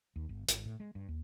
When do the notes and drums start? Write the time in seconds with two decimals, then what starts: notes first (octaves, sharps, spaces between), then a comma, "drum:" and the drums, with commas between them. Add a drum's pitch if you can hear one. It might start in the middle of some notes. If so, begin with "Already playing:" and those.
0.16 D#2
0.29 G1
0.48 G#1, drum: hi-hat
0.66 A2
0.80 G#3
0.95 G2
1.08 D#2